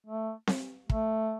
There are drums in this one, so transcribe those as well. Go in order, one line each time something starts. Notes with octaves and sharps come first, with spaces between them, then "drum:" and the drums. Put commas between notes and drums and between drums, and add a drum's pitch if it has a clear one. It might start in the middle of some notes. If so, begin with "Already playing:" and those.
A3
drum: snare C4
A3, drum: kick